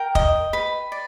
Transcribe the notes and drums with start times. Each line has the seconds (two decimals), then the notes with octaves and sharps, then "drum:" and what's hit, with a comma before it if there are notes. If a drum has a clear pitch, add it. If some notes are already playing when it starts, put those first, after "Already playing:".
Already playing: A#4 G5
0.15 D#5, drum: kick
0.53 B4
0.92 D5